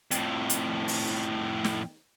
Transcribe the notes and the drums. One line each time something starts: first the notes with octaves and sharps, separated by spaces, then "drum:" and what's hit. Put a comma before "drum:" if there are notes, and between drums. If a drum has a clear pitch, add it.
F2 A2, drum: hi-hat
drum: hi-hat
drum: open hi-hat
drum: snare